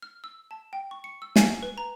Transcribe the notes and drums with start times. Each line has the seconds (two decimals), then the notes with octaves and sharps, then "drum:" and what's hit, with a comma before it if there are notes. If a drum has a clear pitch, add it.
0.02 F6
0.24 E6
0.51 A5
0.73 G5
0.91 C#6
1.04 C#7
1.22 E6
1.36 G#5, drum: snare
1.63 B4
1.78 A#5